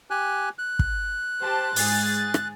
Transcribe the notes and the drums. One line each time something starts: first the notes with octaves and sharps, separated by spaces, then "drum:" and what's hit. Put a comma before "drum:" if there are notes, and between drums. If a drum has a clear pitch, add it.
G4 G#5 F#6
F#6
drum: kick
G4 C5 A5
G#2 G#4 A6, drum: open hi-hat
drum: rim click